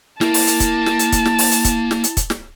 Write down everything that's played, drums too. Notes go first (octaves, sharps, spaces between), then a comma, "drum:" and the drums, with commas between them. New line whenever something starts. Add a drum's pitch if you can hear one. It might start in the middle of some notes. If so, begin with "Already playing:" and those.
A#3 E4 A5, drum: snare
drum: open hi-hat
drum: hi-hat
drum: kick, hi-hat
drum: snare
drum: hi-hat
drum: kick, hi-hat
drum: snare
drum: open hi-hat
drum: hi-hat
drum: kick, hi-hat
drum: snare
drum: hi-hat
drum: kick, hi-hat
drum: snare